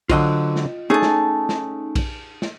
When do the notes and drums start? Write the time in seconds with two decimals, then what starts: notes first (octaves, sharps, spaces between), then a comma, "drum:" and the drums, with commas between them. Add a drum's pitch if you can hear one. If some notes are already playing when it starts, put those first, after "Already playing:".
0.09 D3 F#3 F4 C5 D#5 G5, drum: kick A#1, cymbal
0.56 drum: snare
0.90 A3 C#4 D#4 G#4 C#5 A5
1.02 drum: snare
1.49 drum: snare
1.95 drum: kick A#1, cymbal
2.42 drum: snare